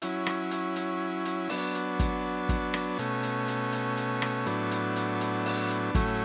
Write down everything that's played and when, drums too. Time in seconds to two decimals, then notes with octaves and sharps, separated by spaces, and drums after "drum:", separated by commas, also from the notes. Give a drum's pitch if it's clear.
0.02 F#3 C#4 E4, drum: hi-hat
0.26 drum: rim click
0.51 drum: hi-hat
0.76 drum: hi-hat
1.25 drum: hi-hat
1.49 F#3 B3 D4, drum: open hi-hat
1.75 drum: hi-hat
2.00 drum: kick, hi-hat
2.49 drum: kick, hi-hat
2.74 drum: rim click
2.99 B2 A3 C#4, drum: hi-hat
3.23 drum: hi-hat
3.48 drum: hi-hat
3.73 drum: hi-hat
3.97 drum: hi-hat
4.22 drum: rim click
4.46 A2 F#3 B3 D4, drum: hi-hat
4.71 drum: hi-hat
4.96 drum: hi-hat
5.21 drum: hi-hat
5.46 drum: open hi-hat
5.70 drum: hi-hat
5.95 A2 F#3 A3 C#4, drum: kick, hi-hat